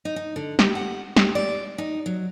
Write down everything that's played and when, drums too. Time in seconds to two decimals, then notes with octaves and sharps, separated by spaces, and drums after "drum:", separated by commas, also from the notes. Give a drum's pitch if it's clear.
0.05 D#4
0.16 D#4
0.36 D3
0.59 G4, drum: snare
0.75 F#5
1.16 G4, drum: snare
1.35 D5
1.78 D#4
2.06 F#3